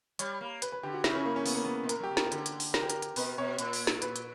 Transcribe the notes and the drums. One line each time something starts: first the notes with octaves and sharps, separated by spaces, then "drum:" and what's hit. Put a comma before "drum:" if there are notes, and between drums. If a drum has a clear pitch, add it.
G3 C#5, drum: hi-hat
A#3
B4, drum: hi-hat
B4
D3 G4
F#4
C#3 E4, drum: snare
C#4
A#3
C#4
B3, drum: open hi-hat
A#3
B3
B2
A#2 A#4, drum: hi-hat
F#3 G4
C#3
B2 A#4, drum: snare
D3, drum: hi-hat
drum: hi-hat
drum: open hi-hat
A#4, drum: snare
G4
A#4, drum: hi-hat
drum: hi-hat
B2 B4, drum: open hi-hat
B2 C#5
A#2, drum: hi-hat
drum: open hi-hat
drum: snare
B4, drum: hi-hat
drum: hi-hat